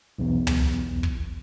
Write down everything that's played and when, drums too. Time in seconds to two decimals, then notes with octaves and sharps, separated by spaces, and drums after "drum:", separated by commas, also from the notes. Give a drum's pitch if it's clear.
0.19 B1 E2
0.47 drum: tom
1.03 drum: kick